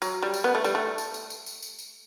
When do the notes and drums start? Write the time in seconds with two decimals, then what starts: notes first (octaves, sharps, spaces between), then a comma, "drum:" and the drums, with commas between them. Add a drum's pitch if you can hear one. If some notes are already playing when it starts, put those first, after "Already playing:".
0.02 F#3, drum: tambourine
0.23 G3
0.34 drum: tambourine
0.44 B3
0.55 A3
0.64 G3, drum: tambourine
0.75 A3
0.98 drum: tambourine
1.14 drum: tambourine
1.30 drum: tambourine
1.46 drum: tambourine
1.62 drum: tambourine
1.79 drum: tambourine